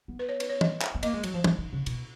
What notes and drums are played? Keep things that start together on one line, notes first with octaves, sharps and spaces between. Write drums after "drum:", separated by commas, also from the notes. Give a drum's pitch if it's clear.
B3
B4
C#5
B4, drum: cymbal
C#5
D#5, drum: tom
drum: clap
B3
A#3 D#5, drum: cymbal
G#3
F#3, drum: cymbal
F3
F3, drum: tom
D#3
C#3
B2, drum: cymbal